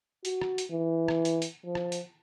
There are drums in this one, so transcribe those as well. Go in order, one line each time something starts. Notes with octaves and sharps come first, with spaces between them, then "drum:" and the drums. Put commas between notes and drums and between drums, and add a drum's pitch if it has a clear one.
F#4, drum: hi-hat
drum: rim click
drum: hi-hat
E3
drum: rim click
drum: hi-hat
drum: hi-hat
F3
drum: rim click
drum: hi-hat